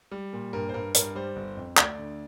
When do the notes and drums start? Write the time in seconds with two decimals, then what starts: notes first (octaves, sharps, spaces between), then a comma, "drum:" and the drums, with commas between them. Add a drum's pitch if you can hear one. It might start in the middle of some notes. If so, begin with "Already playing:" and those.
0.12 G3
0.33 A#2
0.53 G2 A#4
0.69 C5
0.74 G2 A#4
0.94 G2 A#4, drum: hi-hat
1.15 G3 C5
1.36 G1
1.57 F2
1.77 D2 D5, drum: clap
1.99 D3